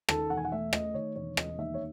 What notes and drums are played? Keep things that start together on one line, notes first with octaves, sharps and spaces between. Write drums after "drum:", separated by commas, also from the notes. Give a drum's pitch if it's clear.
D#3 A4, drum: rim click
E1 F#5
G#5
F#5
A3 E5
A3 D#5, drum: rim click
D#3 C#5
E1 C#5
E1 D#5, drum: rim click
D#2 E5
C#5